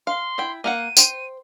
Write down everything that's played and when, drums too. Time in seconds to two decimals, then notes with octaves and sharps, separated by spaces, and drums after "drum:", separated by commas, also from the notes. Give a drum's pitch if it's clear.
0.07 F5 C6
0.38 E4 G5
0.64 A#3 F5 F#5 D#7
0.97 C5 G5, drum: tambourine